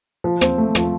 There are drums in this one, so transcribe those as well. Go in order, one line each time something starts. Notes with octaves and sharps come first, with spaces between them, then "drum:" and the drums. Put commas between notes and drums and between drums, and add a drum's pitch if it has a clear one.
F3
C4, drum: rim click
A3
F3, drum: rim click